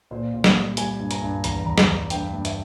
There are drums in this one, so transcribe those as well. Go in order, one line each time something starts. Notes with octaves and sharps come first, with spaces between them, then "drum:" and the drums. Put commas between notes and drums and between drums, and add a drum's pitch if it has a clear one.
A#2 C5
A#2
drum: snare
G3
G3 G#5, drum: hi-hat
G2
A#5, drum: hi-hat
G2
E2 A#5, drum: hi-hat
E2 A#5
drum: snare
E2
G2 G5, drum: hi-hat
G2
E5, drum: hi-hat